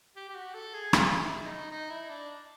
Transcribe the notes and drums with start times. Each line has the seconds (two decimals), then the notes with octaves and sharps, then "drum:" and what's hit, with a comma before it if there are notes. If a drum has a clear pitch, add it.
0.16 G4
0.29 G4
0.35 F#4
0.54 A4
0.74 G#4
0.93 F4, drum: rim click
1.19 E4
1.45 D#4
1.71 D#4
1.90 E4
2.09 D4